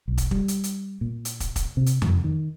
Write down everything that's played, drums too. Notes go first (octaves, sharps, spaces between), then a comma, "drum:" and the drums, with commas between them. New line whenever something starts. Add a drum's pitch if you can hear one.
B1
drum: kick, hi-hat
G3, drum: kick
drum: hi-hat
drum: hi-hat
A#2
drum: hi-hat
drum: kick, hi-hat
drum: kick, hi-hat
C3
drum: hi-hat
F2, drum: tom F2
D#3